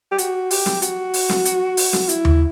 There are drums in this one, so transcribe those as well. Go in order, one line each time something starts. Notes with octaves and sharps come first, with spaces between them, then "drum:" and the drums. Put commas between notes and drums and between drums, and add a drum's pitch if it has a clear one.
G4
F#4, drum: hi-hat
G4, drum: open hi-hat
drum: snare
F#4, drum: hi-hat
drum: open hi-hat
drum: snare
drum: hi-hat
drum: open hi-hat
drum: snare
E4, drum: hi-hat
drum: tom D#2